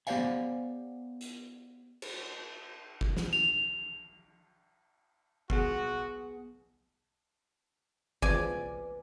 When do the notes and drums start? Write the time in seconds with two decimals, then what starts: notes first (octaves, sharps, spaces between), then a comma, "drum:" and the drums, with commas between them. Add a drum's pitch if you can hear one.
0.07 B3 G4 C5 D5 F5 G#5, drum: tambourine
1.21 drum: hi-hat
2.02 drum: cymbal
3.01 drum: kick G1
3.17 drum: snare
3.33 F7, drum: tambourine
5.50 B3 F#4 G#4, drum: kick G1
8.22 E3 C4 F4 B4 D5 G#5, drum: kick G1